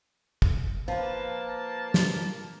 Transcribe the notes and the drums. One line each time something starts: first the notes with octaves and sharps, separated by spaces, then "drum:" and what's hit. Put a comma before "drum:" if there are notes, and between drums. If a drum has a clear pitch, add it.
drum: kick
F3 A#3 B4 A5
drum: snare